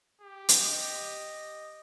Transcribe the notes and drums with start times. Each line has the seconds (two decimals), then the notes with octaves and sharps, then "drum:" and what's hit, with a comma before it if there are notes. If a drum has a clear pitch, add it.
0.21 G4
0.49 drum: hi-hat
0.58 D#5